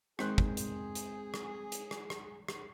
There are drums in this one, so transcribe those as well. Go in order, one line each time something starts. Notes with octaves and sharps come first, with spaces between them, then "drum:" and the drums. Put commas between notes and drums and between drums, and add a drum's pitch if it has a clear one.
D#3 G#3 C4 G#4 C5 F#6, drum: rim click
drum: kick
drum: hi-hat
drum: hi-hat
drum: rim click
drum: hi-hat
drum: rim click
drum: rim click
drum: rim click